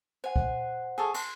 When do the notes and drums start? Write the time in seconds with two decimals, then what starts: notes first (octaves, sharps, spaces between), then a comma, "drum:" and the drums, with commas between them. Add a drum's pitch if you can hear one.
0.24 C5 F#5 G#5
0.36 drum: kick
0.98 G#4 A4 C#5
1.14 C6, drum: cymbal